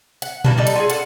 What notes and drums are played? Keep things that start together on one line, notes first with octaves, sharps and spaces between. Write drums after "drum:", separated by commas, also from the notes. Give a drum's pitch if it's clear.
F#5, drum: hi-hat
E3 A#3 D4, drum: tom A#2
G3 D#4 A4 D5
drum: hi-hat
F4 F#4 G#4
D4 F4 A4 F#5, drum: hi-hat